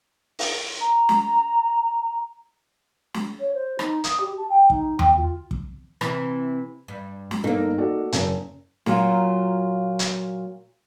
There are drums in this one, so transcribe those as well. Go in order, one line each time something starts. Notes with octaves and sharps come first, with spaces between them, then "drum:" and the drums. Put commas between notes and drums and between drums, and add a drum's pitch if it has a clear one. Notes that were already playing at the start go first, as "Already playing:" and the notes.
drum: open hi-hat
A#5
drum: snare
drum: snare
C#5
C5
D#4, drum: rim click
D#6, drum: hi-hat
G4
A5
G5
D#4, drum: kick
G5, drum: tom E2
F4
drum: kick
C3 E3, drum: rim click
G2
drum: snare
G1 A#3 D#4 A4
F#4 A4 D5
F#1, drum: hi-hat
A#2 F#3 F4, drum: snare
drum: hi-hat